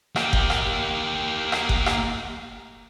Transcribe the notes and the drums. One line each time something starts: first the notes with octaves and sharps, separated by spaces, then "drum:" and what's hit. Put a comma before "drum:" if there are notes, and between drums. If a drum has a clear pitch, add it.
A#3 G4, drum: rim click
drum: kick F#1
drum: rim click
drum: rim click
drum: kick F#1
drum: rim click